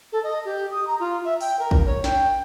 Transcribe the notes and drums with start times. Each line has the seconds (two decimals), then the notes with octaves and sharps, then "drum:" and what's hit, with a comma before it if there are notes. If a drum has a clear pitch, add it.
0.12 A4
0.24 D#5
0.45 G4
0.71 D#6
0.87 A#5
1.00 F4
1.24 E5
1.41 G5, drum: open hi-hat
1.59 A#4
1.71 drum: kick
1.86 C#5
2.04 G5, drum: snare